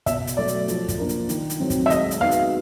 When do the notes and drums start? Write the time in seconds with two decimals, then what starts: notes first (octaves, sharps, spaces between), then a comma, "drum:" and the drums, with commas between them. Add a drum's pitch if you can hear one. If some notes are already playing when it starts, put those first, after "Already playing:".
0.06 B2 E5, drum: kick, hi-hat
0.27 drum: hi-hat
0.37 F#3 A3 D5
0.48 drum: hi-hat
0.68 F3, drum: hi-hat
0.88 drum: kick, hi-hat
0.98 A#3 D4 F4 A#4
1.09 drum: hi-hat
1.29 D#3, drum: hi-hat
1.50 drum: hi-hat
1.60 F#3 A3 C4
1.70 drum: kick, hi-hat
1.86 E5
1.90 G#3 D#5, drum: hi-hat
2.11 drum: hi-hat
2.20 B3 D#4 F#4 F5
2.31 drum: hi-hat